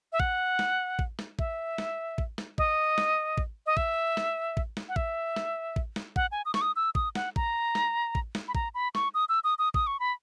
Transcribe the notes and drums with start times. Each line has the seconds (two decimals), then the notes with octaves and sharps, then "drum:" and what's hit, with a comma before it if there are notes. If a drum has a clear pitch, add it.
0.13 E5
0.20 F#5, drum: kick A1
0.59 drum: snare
0.99 drum: kick A1
1.19 drum: snare
1.39 E5, drum: kick A1
1.78 drum: snare
2.18 drum: kick A1
2.38 drum: snare
2.58 D#5, drum: kick A1
2.98 drum: snare
3.38 drum: kick A1
3.66 D#5
3.77 E5, drum: kick A1
4.17 drum: snare
4.57 drum: kick A1
4.77 drum: snare
4.89 F#5
4.96 E5, drum: kick A1
5.36 drum: snare
5.76 drum: kick A1
5.96 drum: snare
6.16 F#5, drum: kick A1
6.32 G#5
6.46 D#6
6.54 C#6, drum: snare
6.61 D#6
6.76 E6
6.95 D#6, drum: kick A1
7.15 F#5, drum: snare
7.36 A#5, drum: kick A1
7.75 drum: snare
8.15 drum: kick A1
8.35 drum: snare
8.48 B5
8.55 A#5, drum: kick A1
8.75 B5
8.95 C#6, drum: snare
9.14 D#6
9.29 E6
9.44 D#6
9.59 D#6
9.74 D#6, drum: kick A1
9.87 C#6
10.00 B5